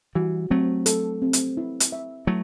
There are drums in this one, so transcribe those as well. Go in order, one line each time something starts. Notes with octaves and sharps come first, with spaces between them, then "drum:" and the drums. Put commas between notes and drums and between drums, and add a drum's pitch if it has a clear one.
E3 G3 F#4
F#3 A3 C4
A4, drum: hi-hat
C4
drum: hi-hat
E4
drum: hi-hat
E5
F#3 A3 E4